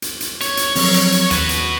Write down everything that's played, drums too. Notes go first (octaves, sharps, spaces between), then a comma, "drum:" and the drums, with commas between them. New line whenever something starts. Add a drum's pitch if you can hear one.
drum: hi-hat
drum: hi-hat
C#5, drum: hi-hat
drum: hi-hat
F3 F#3 C4, drum: open hi-hat
drum: hi-hat
drum: hi-hat
D#2 F#4 B4, drum: hi-hat
drum: hi-hat